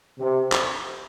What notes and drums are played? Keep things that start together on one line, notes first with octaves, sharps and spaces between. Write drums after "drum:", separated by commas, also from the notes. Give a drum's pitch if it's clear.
C3
drum: clap